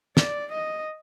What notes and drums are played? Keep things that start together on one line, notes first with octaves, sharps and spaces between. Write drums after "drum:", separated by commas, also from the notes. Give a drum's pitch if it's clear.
D5, drum: snare
D#5